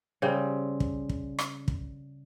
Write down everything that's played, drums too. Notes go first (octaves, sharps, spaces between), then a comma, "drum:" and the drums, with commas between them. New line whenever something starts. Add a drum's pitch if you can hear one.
C#3 G3 C4
drum: kick
drum: kick
drum: rim click
drum: kick